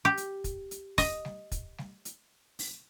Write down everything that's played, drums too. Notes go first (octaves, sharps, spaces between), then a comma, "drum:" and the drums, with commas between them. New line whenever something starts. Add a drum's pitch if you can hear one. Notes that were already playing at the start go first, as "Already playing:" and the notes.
G4
drum: hi-hat
drum: kick, hi-hat
drum: hi-hat
D#5, drum: kick, open hi-hat
drum: snare G3
drum: kick, hi-hat
drum: snare G3
drum: hi-hat
drum: open hi-hat